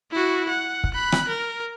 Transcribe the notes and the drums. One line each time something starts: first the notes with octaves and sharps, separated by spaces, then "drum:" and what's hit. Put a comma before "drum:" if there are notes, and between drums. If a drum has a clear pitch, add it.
E4 F#4
F#5
drum: kick
B5 F#6
drum: rim click
A#4